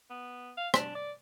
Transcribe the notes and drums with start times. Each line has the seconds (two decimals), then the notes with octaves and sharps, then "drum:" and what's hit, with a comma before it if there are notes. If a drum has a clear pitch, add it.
0.10 B3
0.57 F5
0.74 D4, drum: rim click
0.95 D5